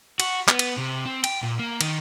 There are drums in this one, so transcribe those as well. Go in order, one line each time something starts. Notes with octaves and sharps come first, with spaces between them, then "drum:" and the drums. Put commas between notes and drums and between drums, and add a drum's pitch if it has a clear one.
F#4, drum: cymbal
B3, drum: clap
drum: cymbal
C3
C4
G5, drum: cymbal
A#2
A#3
D#3, drum: cymbal